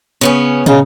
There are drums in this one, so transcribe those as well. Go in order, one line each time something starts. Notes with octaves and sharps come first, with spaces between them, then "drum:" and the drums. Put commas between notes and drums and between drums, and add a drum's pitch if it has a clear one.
C#3 B3 C#4
C#3 D#4, drum: tom